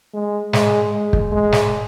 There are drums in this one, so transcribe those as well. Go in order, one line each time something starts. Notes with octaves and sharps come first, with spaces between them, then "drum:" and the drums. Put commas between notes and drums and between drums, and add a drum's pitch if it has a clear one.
G#3
G#3, drum: snare
G#3
drum: kick
G#3
drum: snare